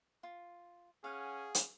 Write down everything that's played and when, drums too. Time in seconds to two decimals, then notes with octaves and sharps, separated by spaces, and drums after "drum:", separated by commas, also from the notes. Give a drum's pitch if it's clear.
0.23 F4
1.04 C#4 G#4 F5 F#5
1.55 drum: hi-hat